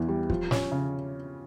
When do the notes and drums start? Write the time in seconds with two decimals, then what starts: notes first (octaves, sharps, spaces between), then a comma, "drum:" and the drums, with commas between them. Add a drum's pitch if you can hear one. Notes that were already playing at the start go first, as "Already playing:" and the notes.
Already playing: E2 E3
0.08 G3
0.30 F3, drum: kick
0.51 C#4, drum: snare
0.72 C#3